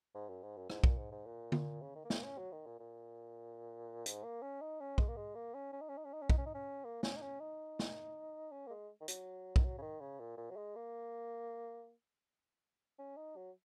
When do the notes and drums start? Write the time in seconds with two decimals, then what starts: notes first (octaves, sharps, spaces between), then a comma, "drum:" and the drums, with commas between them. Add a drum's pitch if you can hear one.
0.15 G#2
0.29 F#2
0.43 G#2
0.57 F#2
0.70 G#2, drum: rim click
0.84 A#2, drum: kick
0.98 G#2
1.11 G#2
1.26 A#2
1.52 drum: tom D3
1.81 C#3
1.95 D#3
2.05 A#3
2.10 G#3, drum: snare
2.18 A#3
2.23 C#4
2.38 F#3
2.52 D#3
2.66 A#2
2.80 A#2
4.06 G#2, drum: hi-hat
4.24 A#3
4.42 C#4
4.61 D#4
4.80 C#4
4.98 G#3, drum: kick
5.08 A#3
5.17 G#3
5.35 A#3
5.54 C#4
5.73 C#4
5.81 D#4
5.89 C#4
5.97 D#4
6.05 C#4
6.13 D#4
6.22 C#4
6.30 D#4, drum: kick
6.38 C#4
6.46 D#4
6.54 C#4
6.84 A#3
7.03 C#4, drum: snare
7.16 D#4
7.21 C#4
7.40 D#4
7.79 drum: snare
8.51 C#4
8.67 A#3
8.70 G#3
9.01 D#3
9.08 F#3, drum: hi-hat
9.56 D#3, drum: kick
9.64 F#3
9.78 C#3
9.82 D#3
10.00 C#3
10.19 A#2
10.37 A#2
10.50 F#3
10.56 G#3
10.75 A#3
12.99 C#4
13.17 D#4
13.36 F#3